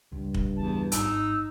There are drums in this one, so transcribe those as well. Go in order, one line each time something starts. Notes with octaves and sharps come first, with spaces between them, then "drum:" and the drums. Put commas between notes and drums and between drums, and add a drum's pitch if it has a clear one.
C#2 G2
drum: kick
E2 A5
G#1 D#4 E6, drum: hi-hat